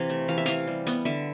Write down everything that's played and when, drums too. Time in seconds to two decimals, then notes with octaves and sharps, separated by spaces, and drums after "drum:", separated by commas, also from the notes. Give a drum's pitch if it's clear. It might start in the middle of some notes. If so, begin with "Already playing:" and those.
Already playing: C3 E3 F5
0.09 A3
0.28 E3 F5
0.38 E5
0.46 E3 F5, drum: hi-hat
0.67 G3
0.87 B3, drum: hi-hat
1.05 D3 E5